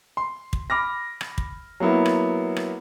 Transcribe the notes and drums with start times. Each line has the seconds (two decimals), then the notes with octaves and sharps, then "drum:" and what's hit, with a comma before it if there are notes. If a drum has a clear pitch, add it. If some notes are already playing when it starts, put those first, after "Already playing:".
0.17 C6
0.53 drum: kick
0.70 B5 D6 F6 A#6
1.21 drum: rim click
1.38 drum: kick
1.80 F#3 A#3 B3 E4
2.06 drum: rim click
2.56 drum: rim click